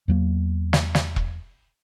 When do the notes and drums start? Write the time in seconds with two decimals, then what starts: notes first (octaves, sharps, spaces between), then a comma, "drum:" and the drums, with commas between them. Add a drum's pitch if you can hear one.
0.08 E2 F#3 A#3
0.73 drum: snare
0.95 drum: snare
1.16 drum: kick E1